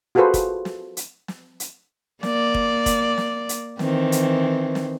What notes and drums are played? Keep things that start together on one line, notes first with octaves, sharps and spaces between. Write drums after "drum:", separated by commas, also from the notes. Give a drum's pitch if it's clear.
F4 F#4 G#4 A4 B4 C5
drum: kick, hi-hat
drum: snare
drum: hi-hat
drum: snare
drum: hi-hat
A#3 D5, drum: snare
drum: kick
drum: kick, hi-hat
drum: snare
drum: hi-hat
D#3 E3 C4, drum: snare
drum: hi-hat
drum: snare